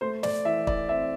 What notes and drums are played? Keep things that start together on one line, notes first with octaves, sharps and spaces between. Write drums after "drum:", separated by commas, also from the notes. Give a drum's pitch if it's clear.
A3 C5
D5, drum: snare
E3 E5
D5, drum: kick
C4 E5